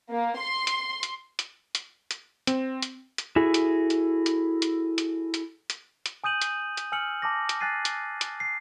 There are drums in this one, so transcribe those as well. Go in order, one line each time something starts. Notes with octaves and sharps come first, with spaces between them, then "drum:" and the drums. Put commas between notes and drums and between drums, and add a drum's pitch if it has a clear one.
A#3
C6
drum: hi-hat
drum: hi-hat
drum: hi-hat
drum: hi-hat
drum: hi-hat
C4, drum: hi-hat
drum: hi-hat
drum: hi-hat
E4 F#4 G#4 A4
drum: hi-hat
drum: hi-hat
drum: hi-hat
drum: hi-hat
drum: hi-hat
drum: hi-hat
drum: hi-hat
drum: hi-hat
G#5 D#6 G6 D#7 F#7
drum: hi-hat
drum: hi-hat
G#5 E6 F6 C#7 F#7
A5 D6 A#6
drum: hi-hat
G#5 F#6 A6 C7 D#7
drum: hi-hat
drum: hi-hat
C7